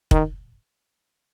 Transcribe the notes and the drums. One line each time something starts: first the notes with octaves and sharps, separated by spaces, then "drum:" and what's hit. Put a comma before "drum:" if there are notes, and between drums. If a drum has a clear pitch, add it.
D#3, drum: kick